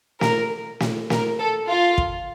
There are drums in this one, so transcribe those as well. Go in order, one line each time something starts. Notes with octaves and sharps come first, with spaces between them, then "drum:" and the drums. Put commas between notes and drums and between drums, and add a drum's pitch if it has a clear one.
A#4, drum: snare
drum: snare
A#4, drum: snare
A4
F4
drum: kick